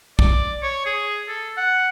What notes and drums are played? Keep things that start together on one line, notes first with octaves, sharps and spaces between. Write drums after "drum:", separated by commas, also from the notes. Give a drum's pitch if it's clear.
D5, drum: kick A#1
C#5
G#4
A4
F#5